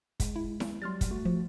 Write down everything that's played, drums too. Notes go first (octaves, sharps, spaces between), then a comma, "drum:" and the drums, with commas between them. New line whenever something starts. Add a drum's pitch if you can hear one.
G#3, drum: kick, hi-hat
E4
drum: snare E4
F#3 G3 C6 F6 A6
drum: kick, hi-hat
A3 F#4
F3